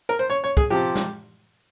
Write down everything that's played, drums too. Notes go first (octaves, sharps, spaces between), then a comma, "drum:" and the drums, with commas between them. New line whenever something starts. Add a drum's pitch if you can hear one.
A#4
C5
C#5
C#5
G#4, drum: kick
C3 F3 G4
drum: snare